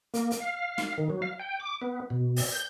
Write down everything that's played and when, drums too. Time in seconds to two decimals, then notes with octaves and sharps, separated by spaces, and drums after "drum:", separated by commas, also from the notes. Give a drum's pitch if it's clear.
0.14 A#3, drum: hi-hat
0.31 drum: hi-hat
0.40 F5
0.78 drum: snare
0.98 D#3
1.10 F#3
1.22 F5
1.39 G5
1.60 D6
1.81 B3
2.10 B2
2.36 drum: open hi-hat
2.52 G6